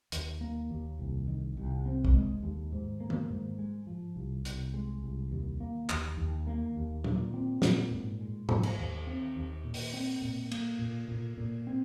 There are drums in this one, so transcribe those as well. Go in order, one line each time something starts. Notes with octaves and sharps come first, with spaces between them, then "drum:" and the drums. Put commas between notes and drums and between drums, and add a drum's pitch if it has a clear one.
D#2, drum: hi-hat
A#3
D#2
C2
D#3
C2
C4
drum: kick
G#3
D#2
G#2
A#3
drum: tom D#3
G#2
G#3
F3
C2
C2, drum: hi-hat
G#3
C2
D#2
A#3
D#2, drum: clap
D#2
A#3
D#2
A#2, drum: tom F#3
C4
A#2, drum: snare
G#2
G#3
G#2, drum: tom G#2
drum: cymbal
D#2
C4
D#2
A#2
drum: open hi-hat
C4
A#2
A#3, drum: cymbal
A#2
A#2
A#2
C4